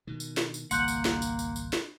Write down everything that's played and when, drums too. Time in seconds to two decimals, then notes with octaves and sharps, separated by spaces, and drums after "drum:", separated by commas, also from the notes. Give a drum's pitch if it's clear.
0.07 B2 D#3
0.20 drum: tambourine
0.37 drum: snare
0.54 drum: tambourine
0.71 G#1 C#2 G3 A#3 F#5 C6 F#6 G6, drum: tambourine
0.88 drum: tambourine
1.05 drum: snare
1.22 drum: tambourine
1.39 drum: tambourine
1.56 drum: tambourine
1.73 drum: snare